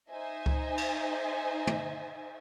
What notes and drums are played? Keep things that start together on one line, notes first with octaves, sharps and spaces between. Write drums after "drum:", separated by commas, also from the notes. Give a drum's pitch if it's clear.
D#4 C5 D#5 E5 G#5
drum: kick C#2
drum: cymbal
drum: tom